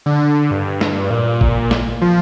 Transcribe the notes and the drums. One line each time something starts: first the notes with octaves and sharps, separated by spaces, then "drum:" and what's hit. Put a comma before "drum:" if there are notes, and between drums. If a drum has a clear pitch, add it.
D3
G2
drum: snare
A#2
drum: kick G#1
drum: snare
F3